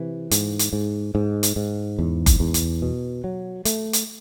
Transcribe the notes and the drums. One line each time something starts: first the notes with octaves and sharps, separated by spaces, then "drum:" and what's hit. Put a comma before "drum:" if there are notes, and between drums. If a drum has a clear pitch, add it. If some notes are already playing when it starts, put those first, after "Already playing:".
Already playing: C3 E3
G#2, drum: hi-hat
drum: hi-hat
G#2
G#2
drum: hi-hat
G#2
E2
drum: kick F#1, hi-hat
E2
drum: hi-hat
B2
F#3
A3, drum: hi-hat
drum: hi-hat